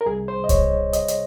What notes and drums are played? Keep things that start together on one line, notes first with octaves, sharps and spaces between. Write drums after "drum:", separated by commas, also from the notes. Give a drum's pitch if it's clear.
A#4
C2 C3 G3 G#4
C5
D#5
C#5, drum: kick C2, hi-hat
D#5, drum: hi-hat
drum: hi-hat